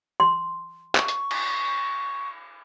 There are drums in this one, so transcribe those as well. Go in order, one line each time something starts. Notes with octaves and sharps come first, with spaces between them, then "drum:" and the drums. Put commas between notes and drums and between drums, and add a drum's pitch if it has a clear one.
C6
C#6, drum: clap
drum: hi-hat
drum: cymbal